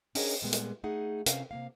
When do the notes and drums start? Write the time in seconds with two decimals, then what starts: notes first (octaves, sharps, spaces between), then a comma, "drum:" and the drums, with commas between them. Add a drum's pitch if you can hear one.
0.15 C#4 D4 G#4 A#4 C#5 D#5, drum: open hi-hat
0.42 A#2 G3 G#3 B3
0.53 drum: hi-hat
0.84 A3 D#4 G#4 F#5
1.26 C3 C#4 F5, drum: hi-hat
1.51 C3 A#3 F5